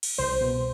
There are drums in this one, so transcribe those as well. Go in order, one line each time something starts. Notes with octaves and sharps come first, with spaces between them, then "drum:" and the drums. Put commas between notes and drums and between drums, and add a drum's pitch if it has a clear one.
drum: cymbal
C2 C5
B2